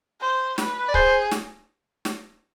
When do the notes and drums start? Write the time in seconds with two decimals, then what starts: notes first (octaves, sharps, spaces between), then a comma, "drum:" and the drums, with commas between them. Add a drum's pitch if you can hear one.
0.21 C5
0.58 B4, drum: snare
0.88 D5
0.94 G#4 C5, drum: kick C#1
1.31 drum: snare
2.05 drum: snare